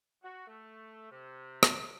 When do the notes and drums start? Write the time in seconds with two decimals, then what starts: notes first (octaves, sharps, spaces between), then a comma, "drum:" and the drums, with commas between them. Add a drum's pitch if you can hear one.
0.23 F#4
0.47 A3
1.11 C3
1.63 drum: rim click